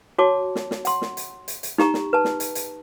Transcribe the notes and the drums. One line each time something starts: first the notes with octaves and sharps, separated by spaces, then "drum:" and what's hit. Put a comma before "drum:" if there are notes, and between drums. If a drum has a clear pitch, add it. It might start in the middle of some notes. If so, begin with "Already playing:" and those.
F#4 C#5 A5 D6
drum: snare
drum: snare
F#5 C6, drum: hi-hat
drum: snare
drum: hi-hat
drum: hi-hat
drum: hi-hat
D#4 G4 A#5 C#6, drum: snare
drum: snare
B4 A5
drum: snare
drum: hi-hat
drum: hi-hat